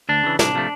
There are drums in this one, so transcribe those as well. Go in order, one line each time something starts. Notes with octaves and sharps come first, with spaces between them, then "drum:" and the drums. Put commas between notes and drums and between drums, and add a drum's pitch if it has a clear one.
D2 D4
C#3 E3
C2 D4, drum: snare
C3 F3 A3